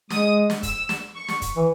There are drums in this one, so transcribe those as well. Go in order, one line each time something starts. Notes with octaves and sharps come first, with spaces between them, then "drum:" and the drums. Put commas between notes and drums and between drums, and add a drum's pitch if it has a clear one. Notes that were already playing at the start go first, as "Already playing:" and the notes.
G#3 D#6, drum: snare
drum: snare
E6, drum: kick, hi-hat
drum: snare
C#6
drum: snare
drum: kick, hi-hat
E3